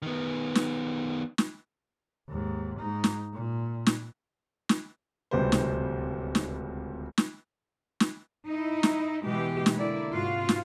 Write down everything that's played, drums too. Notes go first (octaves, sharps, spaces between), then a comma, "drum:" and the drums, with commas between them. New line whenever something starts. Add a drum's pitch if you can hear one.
D#3 B3
drum: snare
drum: snare
D#2 G#2
G#2 D#4
drum: snare
A#2
drum: snare
drum: snare
D1 C#2 C3 G3 B4 C5
drum: snare
drum: snare
drum: snare
drum: snare
D#4 E4
drum: snare
B2 E3 G#3 G4
drum: snare
D3 A#3 E4 D5
G#2 C3 F4 F#4 F5
drum: snare